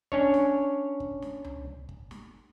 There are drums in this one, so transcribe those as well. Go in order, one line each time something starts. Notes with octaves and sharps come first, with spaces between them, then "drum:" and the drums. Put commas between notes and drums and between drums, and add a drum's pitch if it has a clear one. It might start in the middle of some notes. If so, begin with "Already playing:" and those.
C#4 D4 C#5, drum: kick
drum: snare
drum: kick
drum: snare
drum: tom C#2
drum: kick
drum: snare